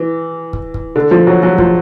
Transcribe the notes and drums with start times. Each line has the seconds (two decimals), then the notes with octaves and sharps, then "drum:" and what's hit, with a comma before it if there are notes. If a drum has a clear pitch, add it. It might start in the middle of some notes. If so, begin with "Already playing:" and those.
Already playing: E3
0.53 drum: kick
0.74 drum: kick
0.96 D3
1.11 F3
1.27 F#3
1.43 F#3
1.58 F3, drum: kick